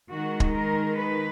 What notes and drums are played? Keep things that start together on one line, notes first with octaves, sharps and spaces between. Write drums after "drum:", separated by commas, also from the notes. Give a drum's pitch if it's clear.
D#3 G#3 F#4
drum: kick
A#4
B4